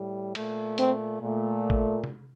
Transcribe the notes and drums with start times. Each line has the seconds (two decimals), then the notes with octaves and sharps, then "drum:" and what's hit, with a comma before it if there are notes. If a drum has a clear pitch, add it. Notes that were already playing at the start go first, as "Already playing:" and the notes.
Already playing: A2 G3
0.35 A#2 A3, drum: cymbal
0.78 C4, drum: hi-hat
1.21 A#2 A3
1.70 drum: kick
2.04 drum: tom C3